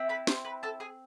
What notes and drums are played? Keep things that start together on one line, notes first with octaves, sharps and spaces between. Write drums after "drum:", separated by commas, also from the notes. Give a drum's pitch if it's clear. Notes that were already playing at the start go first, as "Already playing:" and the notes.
Already playing: C4 E4
B4 B5
C5 C6, drum: snare
B4 B5
A4 A5
G#4 G#5